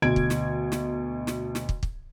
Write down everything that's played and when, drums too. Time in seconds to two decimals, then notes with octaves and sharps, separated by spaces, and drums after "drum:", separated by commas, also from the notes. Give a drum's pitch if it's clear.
0.02 D2 B2 G#6 D7
0.16 drum: kick
0.30 drum: snare
0.72 drum: snare
1.27 drum: snare
1.55 drum: snare
1.69 drum: kick
1.83 drum: kick